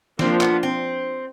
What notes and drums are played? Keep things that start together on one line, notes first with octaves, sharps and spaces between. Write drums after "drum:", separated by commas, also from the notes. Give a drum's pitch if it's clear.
F3 A#3 C4 D4 F4, drum: snare
B3, drum: clap
C4